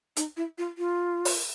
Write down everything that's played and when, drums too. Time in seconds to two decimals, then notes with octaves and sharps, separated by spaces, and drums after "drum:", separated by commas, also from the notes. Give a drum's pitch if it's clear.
0.16 D#4, drum: hi-hat
0.37 E4
0.58 F4
0.78 F4
1.25 drum: open hi-hat